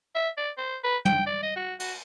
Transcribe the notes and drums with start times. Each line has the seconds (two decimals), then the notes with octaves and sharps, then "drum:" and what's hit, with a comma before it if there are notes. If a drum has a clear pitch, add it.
0.15 E5
0.37 D5
0.58 C5
0.84 B4
1.05 G5, drum: tom
1.26 D5
1.43 D#5
1.56 F#4
1.80 F#4, drum: cymbal